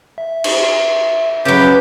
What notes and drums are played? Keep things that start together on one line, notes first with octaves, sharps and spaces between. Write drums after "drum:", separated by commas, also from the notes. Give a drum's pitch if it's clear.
E5
drum: cymbal
C#3 F#3 G4 B4